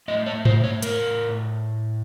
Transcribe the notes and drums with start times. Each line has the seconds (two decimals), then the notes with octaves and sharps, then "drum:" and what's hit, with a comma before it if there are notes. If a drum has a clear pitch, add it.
0.08 A2 A3 D#5
0.26 C#5
0.45 C5, drum: tom G#2
0.64 C#5
0.82 A#4, drum: hi-hat